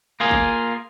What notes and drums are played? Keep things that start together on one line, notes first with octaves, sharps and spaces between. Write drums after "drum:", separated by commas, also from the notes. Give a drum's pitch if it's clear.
A#3 F4 G#4
drum: kick